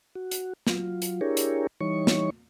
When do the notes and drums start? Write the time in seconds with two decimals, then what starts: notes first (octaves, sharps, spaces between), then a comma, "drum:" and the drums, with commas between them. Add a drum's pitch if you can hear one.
0.16 F#4
0.31 drum: hi-hat
0.67 F#3 F4, drum: snare
1.02 drum: hi-hat
1.21 D4 E4 G4 G#4 A#4 C#5
1.37 drum: hi-hat
1.81 E3 G3 D#4 C#5 C#6
2.07 drum: snare